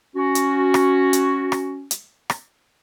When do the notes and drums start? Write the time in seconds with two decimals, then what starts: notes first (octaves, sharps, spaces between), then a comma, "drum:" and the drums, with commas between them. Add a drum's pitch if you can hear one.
0.16 C#4 F#4
0.35 drum: hi-hat
0.74 drum: rim click
1.13 drum: hi-hat
1.52 drum: rim click
1.91 drum: hi-hat
2.30 drum: rim click